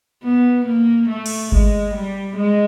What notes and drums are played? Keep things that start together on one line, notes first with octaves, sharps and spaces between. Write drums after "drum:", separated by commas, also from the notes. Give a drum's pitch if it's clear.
B3
A#3
A3
drum: cymbal
G#3, drum: kick G1
G3
G#3